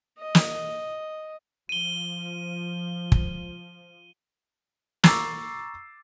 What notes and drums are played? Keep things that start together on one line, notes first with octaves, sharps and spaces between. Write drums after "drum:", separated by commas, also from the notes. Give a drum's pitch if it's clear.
D#5
drum: snare
F3 D#7 G7
drum: kick
A#5 C#6 D6 E6 A6 C7, drum: snare